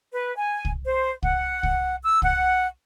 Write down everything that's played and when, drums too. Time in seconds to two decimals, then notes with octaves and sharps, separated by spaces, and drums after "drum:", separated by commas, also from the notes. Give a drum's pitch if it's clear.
0.12 B4
0.35 G#5
0.65 drum: kick C2
0.84 C5
1.23 F#5, drum: kick C2
1.63 drum: kick C2
2.03 E6
2.22 F#5, drum: kick C2